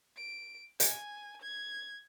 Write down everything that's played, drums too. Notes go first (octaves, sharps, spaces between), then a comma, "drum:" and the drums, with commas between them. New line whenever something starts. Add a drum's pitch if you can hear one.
D7
G#5, drum: hi-hat
G#6